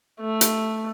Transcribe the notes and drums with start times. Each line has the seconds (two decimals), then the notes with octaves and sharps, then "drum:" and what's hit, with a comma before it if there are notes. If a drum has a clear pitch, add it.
0.20 A3
0.41 drum: hi-hat